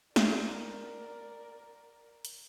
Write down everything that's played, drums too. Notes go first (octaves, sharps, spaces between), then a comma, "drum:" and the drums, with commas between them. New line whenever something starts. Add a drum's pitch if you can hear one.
A#4 D5, drum: snare
drum: hi-hat